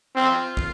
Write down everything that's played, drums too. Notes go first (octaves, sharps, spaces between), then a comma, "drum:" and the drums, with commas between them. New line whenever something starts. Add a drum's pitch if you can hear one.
C4 F4
drum: kick